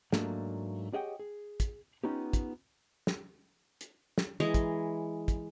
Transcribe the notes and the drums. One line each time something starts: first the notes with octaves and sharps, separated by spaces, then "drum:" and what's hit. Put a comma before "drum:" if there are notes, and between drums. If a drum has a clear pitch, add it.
G#2 F#3 A3 A#3 D4 F4, drum: snare
G4 G#4 C#5 D#5 F#5 G5
G#4
drum: kick, hi-hat
B3 C#4 D#4 F4 G4
drum: kick, hi-hat
drum: snare
drum: hi-hat
drum: snare
E3 G#3 D#5 A#5
drum: kick, hi-hat
drum: kick, hi-hat